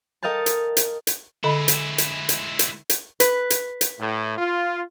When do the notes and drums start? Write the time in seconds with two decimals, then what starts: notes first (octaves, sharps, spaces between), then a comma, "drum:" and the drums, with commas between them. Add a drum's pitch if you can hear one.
0.23 A4 A#4 D#5 F5 G5 A5
0.46 drum: hi-hat
0.77 drum: hi-hat
1.07 drum: hi-hat
1.44 D3 G#3 E4 D#5 B5
1.68 drum: hi-hat
1.98 drum: hi-hat
2.29 drum: hi-hat
2.59 drum: hi-hat
2.90 drum: hi-hat
3.20 B4, drum: hi-hat
3.50 drum: hi-hat
3.81 drum: hi-hat
3.99 A2
4.37 F4